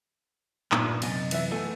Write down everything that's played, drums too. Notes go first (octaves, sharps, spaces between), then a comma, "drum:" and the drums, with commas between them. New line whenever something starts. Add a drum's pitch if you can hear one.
G2 A#2 B3 D4 D#4, drum: clap
F#2 C3 D#5 G#5 A6, drum: cymbal
E3 B4 E5, drum: cymbal
A3 B3 A4 G#5